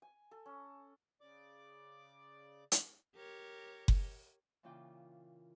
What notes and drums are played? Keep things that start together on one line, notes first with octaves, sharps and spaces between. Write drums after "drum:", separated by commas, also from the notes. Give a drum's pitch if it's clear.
G#5
A4
C#4
C#3 D5 D6
drum: hi-hat
G4 A#4 C#5
drum: kick F#1
A#2 C#3 E3 F4 G5 D6